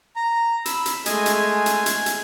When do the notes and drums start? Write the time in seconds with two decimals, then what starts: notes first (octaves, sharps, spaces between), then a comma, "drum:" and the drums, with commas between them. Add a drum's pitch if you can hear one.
0.16 A#5
0.66 B5 E6, drum: hi-hat
0.86 drum: hi-hat
1.06 G#3 A3 D#5 G#5, drum: hi-hat
1.26 drum: hi-hat
1.39 G#5
1.66 drum: hi-hat
1.86 drum: hi-hat
2.06 drum: hi-hat